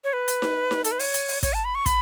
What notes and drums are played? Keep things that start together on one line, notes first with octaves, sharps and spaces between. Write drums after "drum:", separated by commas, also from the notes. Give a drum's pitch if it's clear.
C#5
B4
drum: hi-hat
drum: snare D#4
drum: snare D#4
A4, drum: hi-hat
B4
C#5, drum: open hi-hat
drum: hi-hat
drum: open hi-hat
C#5, drum: kick, hi-hat
A5
B5
C#6
B5, drum: kick, hi-hat